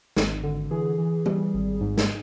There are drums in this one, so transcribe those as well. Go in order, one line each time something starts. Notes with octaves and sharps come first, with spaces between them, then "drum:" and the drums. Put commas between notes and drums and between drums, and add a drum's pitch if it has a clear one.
G#1, drum: snare
D3
E3 G#4
E3
G3, drum: tom E3
G#1
G#2
drum: snare